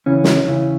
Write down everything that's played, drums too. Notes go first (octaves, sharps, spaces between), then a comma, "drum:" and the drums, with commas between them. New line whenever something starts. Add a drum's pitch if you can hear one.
E2 C#3 E3 C#4
drum: snare
E2 C#3 E3